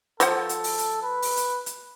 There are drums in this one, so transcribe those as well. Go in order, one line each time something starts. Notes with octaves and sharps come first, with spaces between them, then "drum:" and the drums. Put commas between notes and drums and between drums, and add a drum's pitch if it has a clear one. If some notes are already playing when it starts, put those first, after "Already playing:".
F3 A4 C5 F#5, drum: hi-hat
drum: hi-hat
drum: open hi-hat
drum: hi-hat
B4
drum: open hi-hat
drum: hi-hat
drum: hi-hat